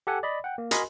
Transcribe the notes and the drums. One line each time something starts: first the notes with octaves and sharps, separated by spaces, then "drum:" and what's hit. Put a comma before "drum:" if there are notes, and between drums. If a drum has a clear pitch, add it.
G4 A4 F#5 G#5
D5 D#5 B5
F#5 G5
A#3
F#4 A#4 D#5 G#5 B5 C6, drum: hi-hat